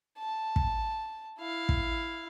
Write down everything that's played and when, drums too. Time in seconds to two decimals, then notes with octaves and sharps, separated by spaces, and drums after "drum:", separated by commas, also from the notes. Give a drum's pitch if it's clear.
0.18 A5
0.56 drum: kick
1.39 E4 F5
1.69 drum: kick